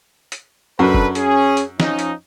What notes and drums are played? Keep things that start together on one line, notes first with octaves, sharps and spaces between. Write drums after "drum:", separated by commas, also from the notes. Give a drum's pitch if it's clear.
drum: hi-hat
F#2 D4 A4 B4
drum: kick
C#4 G#4, drum: hi-hat
drum: hi-hat
F3 C#4 D#4, drum: snare
drum: hi-hat